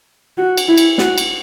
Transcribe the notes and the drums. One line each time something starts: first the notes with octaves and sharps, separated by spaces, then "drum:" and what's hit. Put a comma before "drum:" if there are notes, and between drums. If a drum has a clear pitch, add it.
F#4
drum: cymbal
E4
drum: cymbal
F#4, drum: snare
drum: cymbal